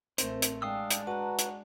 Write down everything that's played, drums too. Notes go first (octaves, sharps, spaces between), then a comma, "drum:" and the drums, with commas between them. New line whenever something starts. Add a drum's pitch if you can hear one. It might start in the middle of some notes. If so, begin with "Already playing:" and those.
A1 A3 C4 A#4 C5, drum: hi-hat
drum: hi-hat
G#3 D4 F5 G5 D#6 E6
drum: hi-hat
F#4 B4 A5 A#5
drum: hi-hat